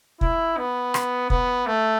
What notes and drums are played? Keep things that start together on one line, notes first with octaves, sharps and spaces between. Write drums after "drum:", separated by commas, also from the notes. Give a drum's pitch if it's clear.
E4, drum: kick
B3
drum: rim click
B3, drum: kick
A3